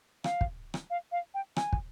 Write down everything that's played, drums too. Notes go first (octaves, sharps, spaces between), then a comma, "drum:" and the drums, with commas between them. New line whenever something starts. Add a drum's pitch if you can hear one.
F5, drum: rim click
drum: kick
drum: rim click
F5
F5
G5
G#5, drum: rim click
drum: kick